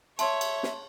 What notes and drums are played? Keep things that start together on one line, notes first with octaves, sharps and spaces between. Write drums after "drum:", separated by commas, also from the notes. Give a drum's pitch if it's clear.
C#5 E5 A5 C6, drum: cymbal
drum: cymbal
drum: snare